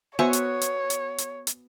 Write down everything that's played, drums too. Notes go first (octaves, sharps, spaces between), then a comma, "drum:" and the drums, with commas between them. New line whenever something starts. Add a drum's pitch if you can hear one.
B3 F#4 C5 C#5 E5 G#5 C#6
drum: hi-hat
drum: hi-hat
drum: hi-hat
drum: hi-hat
drum: hi-hat